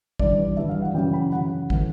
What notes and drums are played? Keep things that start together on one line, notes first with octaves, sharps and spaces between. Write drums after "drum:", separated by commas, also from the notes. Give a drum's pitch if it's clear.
G2 E3 D5, drum: kick
G2 E3 E5
F5
F#5
F#2 C#3 E3 G5
B5
F#2 C#3 E3 F#5
A2 E3, drum: kick